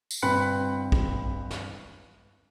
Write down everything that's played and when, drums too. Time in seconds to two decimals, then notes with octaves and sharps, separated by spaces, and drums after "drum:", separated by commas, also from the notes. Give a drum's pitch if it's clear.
0.11 drum: tambourine
0.22 G1 C4 B4 B5 F#6 C#7
0.92 drum: kick
1.51 drum: snare